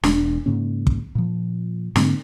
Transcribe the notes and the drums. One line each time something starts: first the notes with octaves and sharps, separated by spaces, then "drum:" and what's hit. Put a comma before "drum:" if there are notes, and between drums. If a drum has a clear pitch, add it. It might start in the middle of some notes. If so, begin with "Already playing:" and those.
E1 D4, drum: snare
G#2 C#3 A#3 C#4
drum: kick
A#2 F3
G#2 D3 A#3 C4, drum: snare